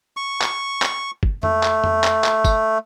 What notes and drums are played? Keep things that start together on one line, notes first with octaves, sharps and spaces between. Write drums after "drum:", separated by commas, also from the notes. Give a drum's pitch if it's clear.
C#6
drum: clap
drum: clap
drum: kick
A3, drum: tom F2
drum: clap
drum: tom F2
drum: clap
drum: clap
drum: kick, tambourine